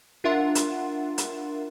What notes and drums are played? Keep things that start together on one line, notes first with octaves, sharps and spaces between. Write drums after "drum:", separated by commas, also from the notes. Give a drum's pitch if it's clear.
D4 F4 A#4 E5 F#5 C6
drum: hi-hat
drum: hi-hat